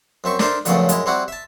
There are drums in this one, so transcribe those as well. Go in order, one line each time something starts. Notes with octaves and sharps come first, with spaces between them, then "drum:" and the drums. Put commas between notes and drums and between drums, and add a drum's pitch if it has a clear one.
F#2 C4 E5 C#6
D4 A4 A#4 C5 E5 A5, drum: snare
F2 A#2 C#3 F#3 A3 B3, drum: hi-hat
F#2 G#3 E4, drum: hi-hat
G3 C4 E4 F#4 F#5
E5 A5